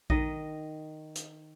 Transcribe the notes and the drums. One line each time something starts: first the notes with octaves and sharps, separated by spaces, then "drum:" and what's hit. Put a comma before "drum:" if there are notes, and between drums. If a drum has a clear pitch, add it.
D#3 D#5, drum: kick A#1
drum: hi-hat